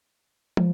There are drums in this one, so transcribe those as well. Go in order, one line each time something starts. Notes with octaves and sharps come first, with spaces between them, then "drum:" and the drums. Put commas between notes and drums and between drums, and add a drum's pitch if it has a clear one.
F3, drum: tom